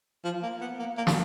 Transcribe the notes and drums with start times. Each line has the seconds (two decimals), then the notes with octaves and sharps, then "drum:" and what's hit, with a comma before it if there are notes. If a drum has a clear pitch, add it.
0.25 F3
0.42 A#3
0.61 B3
0.79 A#3
0.97 A#3
1.07 drum: snare